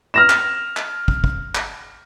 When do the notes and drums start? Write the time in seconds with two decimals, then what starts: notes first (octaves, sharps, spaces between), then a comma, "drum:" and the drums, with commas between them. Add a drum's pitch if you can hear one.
0.14 F6 A#6 E7
0.30 drum: clap
0.77 drum: clap
1.08 drum: kick
1.24 drum: kick
1.55 drum: clap